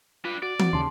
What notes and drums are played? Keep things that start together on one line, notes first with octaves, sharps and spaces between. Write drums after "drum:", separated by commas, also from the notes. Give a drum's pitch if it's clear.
D4 F4 B4
F#4 D5
C4 F#4, drum: tom E3
D#2 C#3 A5 C6